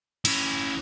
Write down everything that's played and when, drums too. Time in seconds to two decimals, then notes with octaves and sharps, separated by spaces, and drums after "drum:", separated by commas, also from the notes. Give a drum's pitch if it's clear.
0.25 C#4 E4, drum: cymbal